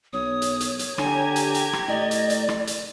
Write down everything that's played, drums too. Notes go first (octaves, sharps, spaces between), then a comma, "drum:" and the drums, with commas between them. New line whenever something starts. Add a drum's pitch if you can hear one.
B1 C#5 D#6
drum: hi-hat
drum: hi-hat
drum: hi-hat
D3 G4 G#5 A#5 G#6, drum: rim click
drum: hi-hat
drum: hi-hat
drum: rim click
A2 D5 D#5
drum: hi-hat
drum: hi-hat
drum: rim click
drum: hi-hat